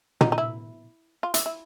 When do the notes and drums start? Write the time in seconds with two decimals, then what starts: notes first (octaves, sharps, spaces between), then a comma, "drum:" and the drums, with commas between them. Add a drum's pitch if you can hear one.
0.21 D#4, drum: tom
0.32 D#4
0.38 E4
1.23 F4
1.34 E4, drum: hi-hat
1.46 E4